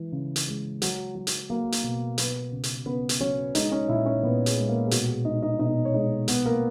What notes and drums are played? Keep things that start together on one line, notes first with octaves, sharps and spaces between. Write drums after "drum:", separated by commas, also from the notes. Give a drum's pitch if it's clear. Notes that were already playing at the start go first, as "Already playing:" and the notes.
Already playing: E3 G#3
C#3
drum: hi-hat
G#3
F#3, drum: hi-hat
F#3
drum: hi-hat
F#3 A#3 A#4
drum: hi-hat
B2
F#3 B3 B4, drum: hi-hat
C#3
drum: hi-hat
C#3 B3 B4
drum: hi-hat
F#3 C#4 C#5
G#3 D#4 D#5, drum: hi-hat
C#4 C#5
A#2 E4 E5
C#4 C#5
A#2 B3 B4
G#4, drum: hi-hat
G#3
A#3 A#4
G#4
B2 F#4, drum: hi-hat
G#4
G#3 D#4 D#5
D#4 D#5
B2 D#4 D#5
C#5
G#3 D#4 D#5
B2 B3 B4, drum: hi-hat
A#3 A#4